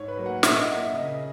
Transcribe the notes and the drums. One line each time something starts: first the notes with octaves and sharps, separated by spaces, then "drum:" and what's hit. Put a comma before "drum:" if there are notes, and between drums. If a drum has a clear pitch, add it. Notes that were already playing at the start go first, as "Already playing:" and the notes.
Already playing: G#2 C#5
B4
F#3 A#3
F#5
A#2 E5, drum: snare
D#5
A#3 F#5
E5
C#3 D#5